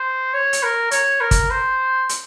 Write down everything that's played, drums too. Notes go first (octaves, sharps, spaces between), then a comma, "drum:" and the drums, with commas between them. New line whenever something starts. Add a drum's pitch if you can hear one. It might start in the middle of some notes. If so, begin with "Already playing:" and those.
Already playing: C5
C#5
drum: hi-hat
A#4
C#5, drum: hi-hat
A#4
drum: kick G1, hi-hat
C5
drum: hi-hat